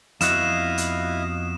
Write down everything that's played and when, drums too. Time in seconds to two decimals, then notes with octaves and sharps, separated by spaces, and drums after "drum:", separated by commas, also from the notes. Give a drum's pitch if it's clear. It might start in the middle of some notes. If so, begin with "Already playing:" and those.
0.21 F2 B3 E4 F#4 D#5 F5 E7, drum: hi-hat
0.78 drum: hi-hat